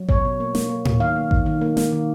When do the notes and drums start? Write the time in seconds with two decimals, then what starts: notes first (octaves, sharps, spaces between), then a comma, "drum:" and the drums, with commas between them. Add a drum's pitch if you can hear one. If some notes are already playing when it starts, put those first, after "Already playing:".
Already playing: F#3
0.09 B2 C#5, drum: kick A1
0.25 B2
0.40 A#3
0.55 A#3, drum: snare
0.69 A#3
0.85 A#3, drum: tom A2
1.00 D#3 F5
1.16 A#3
1.31 D#3, drum: kick A1
1.46 D#3
1.61 A#3
1.77 A#3, drum: snare
1.92 D#3